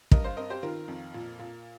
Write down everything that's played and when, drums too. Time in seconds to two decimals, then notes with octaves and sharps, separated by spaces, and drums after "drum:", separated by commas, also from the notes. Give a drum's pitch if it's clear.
0.12 G2 A#4 D#5, drum: kick
0.24 C5 F5
0.37 C4 A#4 D#5
0.50 G4 C5
0.63 D#3 F4 A#4
0.88 F2
1.14 A#2
1.39 A#2